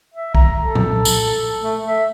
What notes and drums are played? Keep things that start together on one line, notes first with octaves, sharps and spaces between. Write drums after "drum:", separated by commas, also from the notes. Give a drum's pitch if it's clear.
E5
A#5, drum: kick C2
A4
drum: tom A#2
drum: tambourine
A3
E5